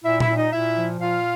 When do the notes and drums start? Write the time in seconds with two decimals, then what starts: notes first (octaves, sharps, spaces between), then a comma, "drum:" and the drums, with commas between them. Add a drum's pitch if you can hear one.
0.05 A#2 E4 E5
0.20 E4 E5, drum: tom A#2
0.29 A#2
0.37 D#4 D#5
0.53 A#2 E4 E5
0.77 F3
1.00 A#2 F4 F5